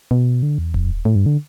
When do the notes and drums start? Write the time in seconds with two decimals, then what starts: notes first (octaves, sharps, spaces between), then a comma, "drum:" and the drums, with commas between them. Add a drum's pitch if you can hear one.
0.11 B2
0.43 D3
0.58 E2
0.74 F2, drum: kick D#1
1.05 A2
1.16 G2
1.26 D3